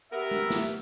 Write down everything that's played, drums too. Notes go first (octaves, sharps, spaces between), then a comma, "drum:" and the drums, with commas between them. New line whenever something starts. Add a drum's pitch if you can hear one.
B3 G4 A#4 E5
drum: tom
drum: snare